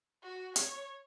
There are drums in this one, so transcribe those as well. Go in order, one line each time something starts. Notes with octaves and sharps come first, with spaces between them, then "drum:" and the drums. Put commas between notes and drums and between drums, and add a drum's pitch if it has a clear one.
F#4
C#5, drum: hi-hat